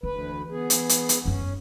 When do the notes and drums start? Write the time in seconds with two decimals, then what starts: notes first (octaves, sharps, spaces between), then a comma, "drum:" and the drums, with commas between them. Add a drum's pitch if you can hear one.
0.03 D2 E3 B4
0.50 B3 G#4
0.70 drum: hi-hat
0.89 drum: hi-hat
1.09 drum: hi-hat
1.25 F#2 B3 C#4